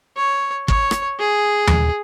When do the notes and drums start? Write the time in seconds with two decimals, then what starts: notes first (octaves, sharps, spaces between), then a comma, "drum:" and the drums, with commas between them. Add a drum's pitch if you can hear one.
0.17 C#5
0.68 C#5, drum: kick
0.91 drum: rim click
1.19 G#4
1.67 drum: tom D#2